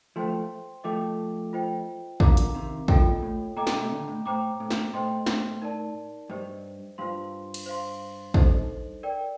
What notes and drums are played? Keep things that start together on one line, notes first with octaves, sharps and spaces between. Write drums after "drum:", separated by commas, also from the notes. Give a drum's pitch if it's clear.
F3 A3 C5 G5 C6
F3 A3 A4 D#5 G5 D6
F4 C5 D#5 G5
D3 F3 A#4 F5 A#5 D6, drum: kick
drum: hi-hat
C3 D#3
A#2 F4 A4 D#5 G5, drum: kick
A2
A#2 A4 D#5 G5 A#5 D6
A#2, drum: snare
A2 C3
A#2 D3
A2
A2 C5 G5 A#5 D6
A2
drum: snare
A2 C5 D#5 G5 C6
drum: snare
D#4 A#4 D5 A5
G2 G4 C5 D#5
G2 F4 C5 F5 C6
drum: cymbal
C5 F5 C6
D#4 A4 C5 D#5, drum: kick
A#4 D5 G5